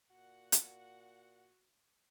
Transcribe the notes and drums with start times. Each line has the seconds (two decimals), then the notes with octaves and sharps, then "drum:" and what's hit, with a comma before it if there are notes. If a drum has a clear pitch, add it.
0.10 A#2 F#4 F#5
0.52 drum: hi-hat